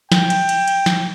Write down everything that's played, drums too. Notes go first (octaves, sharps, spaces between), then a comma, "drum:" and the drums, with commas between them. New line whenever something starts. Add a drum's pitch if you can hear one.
G5, drum: snare
drum: cymbal
drum: cymbal
drum: cymbal
drum: snare